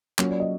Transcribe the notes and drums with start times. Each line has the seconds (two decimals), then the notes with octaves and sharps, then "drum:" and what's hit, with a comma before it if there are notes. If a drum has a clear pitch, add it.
0.18 F#3 A#3 C#4 F4, drum: clap
0.29 D5
0.40 D#5